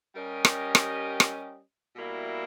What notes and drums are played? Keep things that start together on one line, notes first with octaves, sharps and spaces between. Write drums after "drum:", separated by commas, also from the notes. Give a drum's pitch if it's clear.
G3 C#4 G4 A#4 D#5
drum: rim click
drum: rim click
drum: rim click
B2 G3 A#3 E4